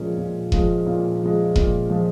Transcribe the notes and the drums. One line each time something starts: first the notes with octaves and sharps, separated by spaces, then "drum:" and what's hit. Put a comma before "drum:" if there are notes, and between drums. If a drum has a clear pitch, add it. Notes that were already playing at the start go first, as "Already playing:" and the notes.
Already playing: A#2 F3 G#3 A#3 C#4
A#2
F3 G#3, drum: kick E1
A#2
F3 G#3
A#2, drum: kick E1
F3 G#3